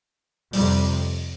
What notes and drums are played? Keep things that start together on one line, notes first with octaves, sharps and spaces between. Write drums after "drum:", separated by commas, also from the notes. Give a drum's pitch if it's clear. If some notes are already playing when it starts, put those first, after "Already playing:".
F2 C3 G3, drum: open hi-hat